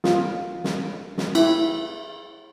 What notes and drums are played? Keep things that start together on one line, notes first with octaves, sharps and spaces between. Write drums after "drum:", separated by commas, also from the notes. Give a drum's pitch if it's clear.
F4, drum: snare
drum: snare
drum: snare
E4, drum: cymbal